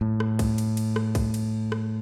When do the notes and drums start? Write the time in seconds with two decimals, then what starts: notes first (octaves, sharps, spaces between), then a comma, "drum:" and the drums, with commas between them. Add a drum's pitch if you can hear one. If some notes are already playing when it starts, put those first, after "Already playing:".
0.01 A2
0.20 drum: rim click
0.39 drum: kick B1, cymbal
0.58 drum: cymbal
0.77 drum: cymbal
0.96 drum: rim click
1.15 drum: kick B1, cymbal
1.34 drum: cymbal
1.72 drum: rim click